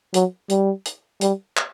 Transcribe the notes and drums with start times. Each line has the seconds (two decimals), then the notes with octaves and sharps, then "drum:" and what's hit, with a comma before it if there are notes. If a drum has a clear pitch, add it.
0.14 F#3, drum: hi-hat
0.50 G3, drum: hi-hat
0.85 drum: hi-hat
1.21 G3, drum: hi-hat
1.57 drum: clap